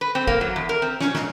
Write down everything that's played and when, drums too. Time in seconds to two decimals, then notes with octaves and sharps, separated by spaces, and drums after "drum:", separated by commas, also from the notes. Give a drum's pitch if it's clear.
0.01 B4
0.15 C4
0.27 A#3, drum: kick
0.41 F#3
0.56 E2
0.69 A#4
0.82 C4
1.00 C#4, drum: snare
1.15 G#2, drum: snare